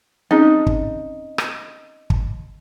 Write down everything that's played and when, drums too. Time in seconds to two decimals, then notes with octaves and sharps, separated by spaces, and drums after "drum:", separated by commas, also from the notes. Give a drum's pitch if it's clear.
0.31 C4 C#4 D#4 G#4
0.67 drum: kick
1.38 drum: rim click
2.10 drum: kick